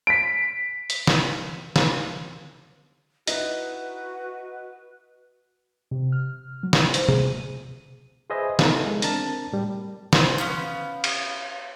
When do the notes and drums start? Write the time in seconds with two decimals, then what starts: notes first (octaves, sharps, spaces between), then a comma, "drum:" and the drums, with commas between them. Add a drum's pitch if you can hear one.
0.07 B6 D7
0.90 drum: hi-hat
1.07 drum: snare
1.76 drum: snare
3.27 D#4 E4 F#4 B4, drum: hi-hat
5.91 C3
6.12 F6
6.63 F#3
6.73 drum: snare
6.94 C5, drum: hi-hat
7.09 G#4, drum: tom
7.20 D#7
8.30 G#4 B4 C5 D#5 E5 G#5
8.59 B3 D#4 E4 A4 A#4, drum: snare
8.85 G#3
9.02 C4 D4 A#4 A5, drum: hi-hat
9.53 A2 G3
10.13 C5, drum: snare
10.38 B3 C#4 F5 G6
11.04 drum: cymbal